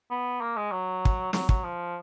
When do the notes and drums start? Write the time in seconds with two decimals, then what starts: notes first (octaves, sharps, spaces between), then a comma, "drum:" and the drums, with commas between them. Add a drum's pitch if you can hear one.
0.10 B3
0.41 A#3
0.56 G#3
0.72 F#3
1.05 drum: kick
1.33 F#3, drum: snare
1.49 F#3, drum: kick
1.64 F3